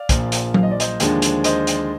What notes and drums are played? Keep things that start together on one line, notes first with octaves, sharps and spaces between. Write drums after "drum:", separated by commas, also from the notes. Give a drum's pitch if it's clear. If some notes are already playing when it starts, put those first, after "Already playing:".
Already playing: D5 F5
A#1 A#2 F3, drum: kick, hi-hat
drum: hi-hat
F5, drum: tom F#3
D#5
D5
C5 D#5, drum: hi-hat
D#2 D3 F3 G#3 D4, drum: hi-hat
drum: hi-hat
C5 D#5, drum: hi-hat
drum: hi-hat